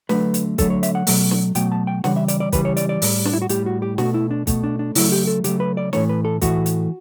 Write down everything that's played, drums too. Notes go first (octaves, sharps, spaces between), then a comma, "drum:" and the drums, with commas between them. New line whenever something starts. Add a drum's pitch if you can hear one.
D3 F#3 A3 B4, drum: snare
drum: hi-hat
D3 F#3 A3 A4, drum: kick, hi-hat
C#5
E5, drum: hi-hat
F#5
B2 F#3 A3, drum: open hi-hat
drum: snare
B2 F#3 A3 G5, drum: hi-hat
A5
G5
C#3 E3 G3 F#5, drum: snare
E5
D5, drum: hi-hat
D5
C#3 E3 G3 B4, drum: kick, hi-hat
C#5
D5, drum: hi-hat
D5
A2 G3, drum: open hi-hat
D4, drum: snare
E4
F#4
A2 G3 G4, drum: hi-hat
F#4
G4
B2 A3 F#4, drum: snare
E4
D4
B2 A3, drum: kick, hi-hat
D4
D4
C#3 F#3 A3 E4, drum: open hi-hat
G4
A4
C#3 F#3 A3 G4, drum: hi-hat
B4
D5
A2 E3 A3 C#5, drum: snare
B4
A4
A2 E3 A3 F#4, drum: kick, hi-hat
drum: hi-hat